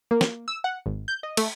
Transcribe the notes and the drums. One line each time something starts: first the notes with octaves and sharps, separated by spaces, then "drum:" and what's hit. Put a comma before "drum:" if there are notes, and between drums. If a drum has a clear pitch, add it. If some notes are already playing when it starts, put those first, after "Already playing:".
A#3
drum: snare
E6
F#5
G#1
G6
D#5
A3, drum: cymbal